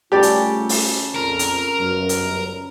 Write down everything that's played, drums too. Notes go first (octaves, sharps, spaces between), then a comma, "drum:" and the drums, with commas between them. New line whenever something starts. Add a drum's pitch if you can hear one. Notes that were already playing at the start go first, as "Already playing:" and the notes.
C#3 G3 A3 F4 G4 A4 D5
drum: hi-hat
drum: open hi-hat
A#1 F2 A#4
drum: hi-hat
G1 F#2
drum: hi-hat